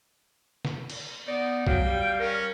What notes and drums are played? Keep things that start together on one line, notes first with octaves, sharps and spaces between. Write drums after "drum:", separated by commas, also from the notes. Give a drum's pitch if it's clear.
drum: snare
drum: cymbal
B3 D#4 D5
F#3 F5 G5, drum: kick B1
G3
C#4 A#4